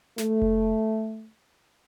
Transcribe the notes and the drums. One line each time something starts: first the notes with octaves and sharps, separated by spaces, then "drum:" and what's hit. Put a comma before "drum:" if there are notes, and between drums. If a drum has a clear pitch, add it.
A3, drum: snare
drum: kick F1